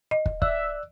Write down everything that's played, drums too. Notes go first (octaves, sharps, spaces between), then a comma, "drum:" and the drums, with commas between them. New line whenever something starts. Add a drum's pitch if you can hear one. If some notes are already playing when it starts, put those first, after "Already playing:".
D#5
drum: kick
D5 E5 E6 F#6, drum: kick